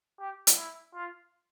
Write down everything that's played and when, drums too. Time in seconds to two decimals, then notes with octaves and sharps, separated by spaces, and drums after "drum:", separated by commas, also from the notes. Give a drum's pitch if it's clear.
0.19 G4
0.47 drum: hi-hat
0.57 E4
0.94 F4